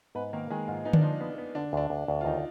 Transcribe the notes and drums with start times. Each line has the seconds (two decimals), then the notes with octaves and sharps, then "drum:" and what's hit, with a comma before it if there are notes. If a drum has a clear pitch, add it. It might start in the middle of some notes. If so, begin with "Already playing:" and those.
0.15 G#2 B3 B4
0.33 D#3 A#3 A#4
0.50 D#3 G#3 G#4
0.68 G#2 F3 F4
0.85 B3 D#4
0.93 D4, drum: tom D3
1.01 F3 D#4
1.21 B3
1.38 B3
1.55 D3 D4
1.73 D2 D4
1.90 D2
2.08 D2
2.21 F4
2.25 D#2 D#4